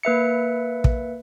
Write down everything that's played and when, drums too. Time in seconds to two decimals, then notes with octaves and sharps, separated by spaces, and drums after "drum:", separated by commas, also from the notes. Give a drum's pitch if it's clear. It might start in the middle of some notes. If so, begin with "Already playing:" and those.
0.03 A#3 B4 E5 C#7
0.84 drum: kick